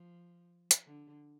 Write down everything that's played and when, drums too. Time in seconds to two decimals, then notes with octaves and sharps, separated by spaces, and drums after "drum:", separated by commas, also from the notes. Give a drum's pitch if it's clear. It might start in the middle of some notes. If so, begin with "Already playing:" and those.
Already playing: F3
0.71 drum: hi-hat
0.86 D3